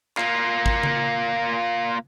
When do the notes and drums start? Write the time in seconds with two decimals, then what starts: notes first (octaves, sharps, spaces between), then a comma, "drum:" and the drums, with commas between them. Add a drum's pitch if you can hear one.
0.17 A#3 F4, drum: clap
0.66 drum: kick
0.83 drum: tom C#3